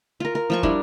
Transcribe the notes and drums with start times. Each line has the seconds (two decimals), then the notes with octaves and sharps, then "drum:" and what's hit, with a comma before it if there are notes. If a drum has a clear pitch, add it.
0.20 F4 A#4
0.35 A#4
0.50 F3 F4 C#6
0.63 G3 D4 E4, drum: kick